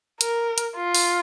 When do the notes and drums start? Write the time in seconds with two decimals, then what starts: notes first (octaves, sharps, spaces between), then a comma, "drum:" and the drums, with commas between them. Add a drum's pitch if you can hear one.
0.21 A#4, drum: hi-hat
0.58 drum: hi-hat
0.76 F4
0.95 drum: open hi-hat